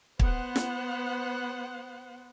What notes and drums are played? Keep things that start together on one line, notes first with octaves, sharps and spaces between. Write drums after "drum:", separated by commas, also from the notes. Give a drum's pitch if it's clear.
B3 C5 F#5, drum: kick
drum: snare